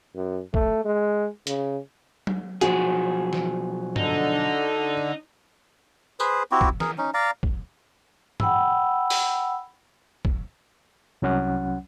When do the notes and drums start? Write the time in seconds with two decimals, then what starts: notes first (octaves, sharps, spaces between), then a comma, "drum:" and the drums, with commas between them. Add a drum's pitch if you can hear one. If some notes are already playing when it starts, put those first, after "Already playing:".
0.15 F#2
0.54 A3, drum: kick
0.85 G#3
1.47 C#3, drum: hi-hat
2.27 drum: tom F#3
2.61 B1 F3 F#4 G#4, drum: hi-hat
3.33 drum: snare
3.96 D3 D#4, drum: tom
6.20 G#4 B4 C5, drum: tambourine
6.51 C4 E4 F#4 G4
6.61 drum: kick
6.80 G#4 A#4, drum: snare
6.98 C#4 D#4
7.14 D5 F5 A#5
7.43 drum: kick
8.40 F#5 G5 B5 E6, drum: tom
9.10 drum: open hi-hat
10.25 drum: kick
11.22 C2 F#3 C#4 F#5